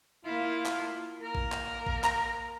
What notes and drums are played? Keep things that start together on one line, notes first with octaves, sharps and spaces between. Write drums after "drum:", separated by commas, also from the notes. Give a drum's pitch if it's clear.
A#3 E4 F4
drum: clap
A#3 A#4
drum: kick A1
drum: clap
drum: kick A1
A#5, drum: clap